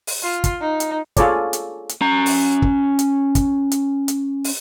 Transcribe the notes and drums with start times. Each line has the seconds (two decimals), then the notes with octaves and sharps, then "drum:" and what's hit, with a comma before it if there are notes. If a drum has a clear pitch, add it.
0.07 drum: open hi-hat
0.23 F4
0.44 drum: kick, hi-hat
0.61 D#4
0.80 drum: hi-hat
1.17 F4 G#4 A4 C#5 D5, drum: kick, hi-hat
1.53 drum: hi-hat
1.89 drum: hi-hat
2.01 C#4 A#5
2.26 drum: open hi-hat
2.62 drum: kick
2.99 drum: hi-hat
3.35 drum: kick, hi-hat
3.72 drum: hi-hat
4.08 drum: hi-hat
4.44 drum: open hi-hat